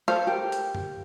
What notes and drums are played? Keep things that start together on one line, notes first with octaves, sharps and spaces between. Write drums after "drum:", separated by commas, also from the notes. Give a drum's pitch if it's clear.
A4 C5 F5, drum: snare
G4 A#4
drum: hi-hat
drum: tom F#2